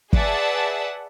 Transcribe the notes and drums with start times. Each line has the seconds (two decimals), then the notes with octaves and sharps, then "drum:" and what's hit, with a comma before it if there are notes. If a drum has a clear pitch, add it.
0.13 G#4 B4 D5 E5 F#5 A5, drum: kick